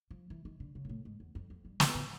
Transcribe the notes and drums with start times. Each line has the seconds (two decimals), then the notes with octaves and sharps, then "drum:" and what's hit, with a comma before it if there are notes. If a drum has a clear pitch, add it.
0.11 F3
0.30 E3
0.45 D#3
0.60 D3
0.75 C#3
0.85 A#2
0.89 A2
1.05 G#2
1.20 E2
1.35 F2
1.50 F2
1.65 G2
1.80 A2, drum: snare
1.95 A2